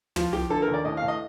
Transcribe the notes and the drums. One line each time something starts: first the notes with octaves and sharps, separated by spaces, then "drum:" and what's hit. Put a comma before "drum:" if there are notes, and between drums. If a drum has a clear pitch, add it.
F3 F4, drum: tom
F3 G4
D3 A4
A#4
D#2
D5
A2 D#5
A2 F5
D#5